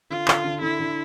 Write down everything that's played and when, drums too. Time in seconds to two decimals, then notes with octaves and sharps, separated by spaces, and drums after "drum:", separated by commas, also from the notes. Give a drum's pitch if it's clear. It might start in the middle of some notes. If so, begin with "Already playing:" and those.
0.10 D3 F4
0.28 D3, drum: clap
0.44 D3
0.62 D3 E4
0.80 D3